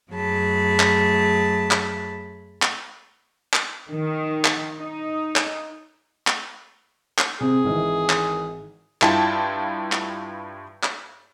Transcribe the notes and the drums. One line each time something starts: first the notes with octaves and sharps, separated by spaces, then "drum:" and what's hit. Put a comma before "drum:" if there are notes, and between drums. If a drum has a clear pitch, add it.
F#2 F#3 A3 G#4 A5 B5
drum: clap
drum: clap
drum: clap
drum: clap
D#3
drum: clap
D#4
drum: clap
drum: clap
drum: clap
C3 C4 G#4
G#1 D#3 E3
drum: clap
G2 E4 F4 G5 A5, drum: clap
drum: clap
drum: clap